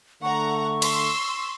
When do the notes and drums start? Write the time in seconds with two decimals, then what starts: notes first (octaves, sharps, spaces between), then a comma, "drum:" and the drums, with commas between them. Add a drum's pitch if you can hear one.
0.23 D3 A3 F#5 A#5 C#6
0.82 C6 E6, drum: cymbal